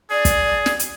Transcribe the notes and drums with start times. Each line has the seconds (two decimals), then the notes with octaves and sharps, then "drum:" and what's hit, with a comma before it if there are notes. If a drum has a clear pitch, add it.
0.11 G#4 D5
0.25 drum: kick, hi-hat
0.66 drum: snare
0.79 drum: hi-hat